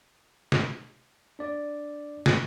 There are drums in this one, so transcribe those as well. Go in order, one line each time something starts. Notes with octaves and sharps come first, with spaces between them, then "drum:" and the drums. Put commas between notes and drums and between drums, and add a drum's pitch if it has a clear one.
drum: snare
D4 D5
drum: snare